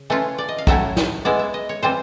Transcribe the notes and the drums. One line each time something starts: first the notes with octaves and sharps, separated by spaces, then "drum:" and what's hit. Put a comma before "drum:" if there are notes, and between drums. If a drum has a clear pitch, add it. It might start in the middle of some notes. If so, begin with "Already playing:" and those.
Already playing: C#3
E3 A3 C#4 F4
D5
D#5
F5
A2 F#3 A3 C#4 E4 E5, drum: kick
drum: snare
E3 G#3 B3 E4 D5
E5
D#5
C#5
E3 G3 C4 F4 C5